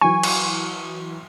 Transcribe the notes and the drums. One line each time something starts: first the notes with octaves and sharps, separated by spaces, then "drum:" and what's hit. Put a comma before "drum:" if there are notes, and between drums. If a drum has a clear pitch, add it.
E3 F#3 G#5 C#6
drum: cymbal